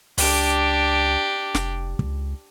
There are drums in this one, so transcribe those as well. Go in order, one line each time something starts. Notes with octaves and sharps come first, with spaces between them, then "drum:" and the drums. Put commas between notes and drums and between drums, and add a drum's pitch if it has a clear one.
C#2 D4 G4, drum: open hi-hat
F1, drum: snare
C#2, drum: kick